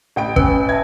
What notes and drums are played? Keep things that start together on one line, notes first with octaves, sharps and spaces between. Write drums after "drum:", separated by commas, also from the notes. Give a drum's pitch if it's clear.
A1 G5 D7
C#4 B4 G#5, drum: kick
E5 A5 G#6